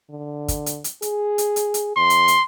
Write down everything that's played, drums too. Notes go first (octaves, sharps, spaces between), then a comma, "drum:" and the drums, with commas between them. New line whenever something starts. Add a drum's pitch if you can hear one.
D3
drum: kick, hi-hat
drum: hi-hat
drum: hi-hat
G#4, drum: hi-hat
drum: hi-hat
drum: hi-hat
drum: hi-hat
F2 C6
drum: hi-hat
drum: hi-hat